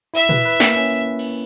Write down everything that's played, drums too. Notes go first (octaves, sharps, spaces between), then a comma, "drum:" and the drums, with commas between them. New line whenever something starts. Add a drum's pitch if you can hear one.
E4 E5
B4, drum: tom A#2
B4
A#3, drum: snare
C#4
drum: cymbal